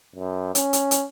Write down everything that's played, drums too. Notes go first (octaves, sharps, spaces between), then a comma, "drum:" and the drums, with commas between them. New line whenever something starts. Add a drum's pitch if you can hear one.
F#2
C#4, drum: hi-hat
drum: hi-hat
drum: hi-hat